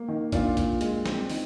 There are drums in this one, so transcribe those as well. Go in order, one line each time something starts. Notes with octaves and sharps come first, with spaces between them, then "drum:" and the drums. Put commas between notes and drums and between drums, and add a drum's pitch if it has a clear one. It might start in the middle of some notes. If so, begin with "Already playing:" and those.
Already playing: A#3
D#3
A#2 D4 F4, drum: kick A#1, hi-hat
A#2, drum: kick A#1, hi-hat
G#3, drum: hi-hat
C4, drum: snare
D#3, drum: open hi-hat